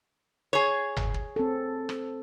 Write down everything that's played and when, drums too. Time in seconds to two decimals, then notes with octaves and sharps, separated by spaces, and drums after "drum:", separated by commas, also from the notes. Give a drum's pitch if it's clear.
0.53 G#4 C#5
0.97 drum: tom G1
1.14 drum: kick
1.36 C4 A4
1.89 drum: rim click